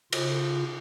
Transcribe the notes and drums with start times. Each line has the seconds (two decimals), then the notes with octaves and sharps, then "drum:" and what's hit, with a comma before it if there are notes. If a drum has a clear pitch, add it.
0.13 C#3 F4, drum: cymbal